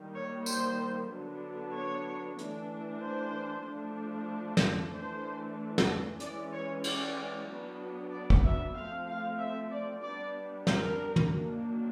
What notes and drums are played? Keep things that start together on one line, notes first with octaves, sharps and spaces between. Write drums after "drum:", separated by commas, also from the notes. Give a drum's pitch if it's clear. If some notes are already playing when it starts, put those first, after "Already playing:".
Already playing: D#3 G3 A#3
C#5
C5, drum: tambourine
D3 F#3 B3 D4
C#5
E3 A3 D4, drum: hi-hat
C5
F3 A3 D4
drum: snare
E3 A3 D4 C5
drum: snare
E3 G#3 C#4 D5, drum: hi-hat
C#5
D5, drum: cymbal
F#3 B3 D4
D5
drum: kick
E5
F3 A3 C4 F5
F5
E5
D5
G3 B3 D4 D5
A#4, drum: snare
drum: tom
D#3 F#3 A#3 D4